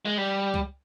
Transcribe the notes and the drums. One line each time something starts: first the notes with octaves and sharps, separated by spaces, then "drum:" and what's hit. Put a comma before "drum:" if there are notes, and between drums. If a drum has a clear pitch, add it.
G#3
G3
drum: kick